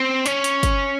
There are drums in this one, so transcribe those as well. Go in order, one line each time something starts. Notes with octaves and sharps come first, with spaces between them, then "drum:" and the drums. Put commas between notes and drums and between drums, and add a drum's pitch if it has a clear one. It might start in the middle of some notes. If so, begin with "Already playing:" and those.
Already playing: C4
C#4, drum: hi-hat
drum: hi-hat
drum: kick, hi-hat